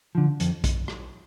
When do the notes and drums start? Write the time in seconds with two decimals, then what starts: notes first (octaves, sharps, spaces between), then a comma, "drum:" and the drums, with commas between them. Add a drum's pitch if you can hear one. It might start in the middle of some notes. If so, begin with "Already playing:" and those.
0.15 D3 F3
0.40 F2, drum: hi-hat
0.64 drum: kick, hi-hat
0.88 drum: rim click